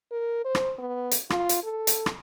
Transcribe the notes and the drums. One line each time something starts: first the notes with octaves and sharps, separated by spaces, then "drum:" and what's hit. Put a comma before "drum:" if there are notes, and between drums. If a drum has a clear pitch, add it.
A#4
C5
drum: rim click
B3
drum: hi-hat
F4, drum: rim click
drum: hi-hat
A4
drum: hi-hat
drum: rim click